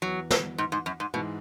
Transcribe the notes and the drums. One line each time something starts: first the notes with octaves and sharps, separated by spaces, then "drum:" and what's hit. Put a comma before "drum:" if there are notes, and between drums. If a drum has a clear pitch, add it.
E2 E3 F#3 B3
drum: snare
G#2
G#2
F#2
G#2
G#2 B2 E3 G#3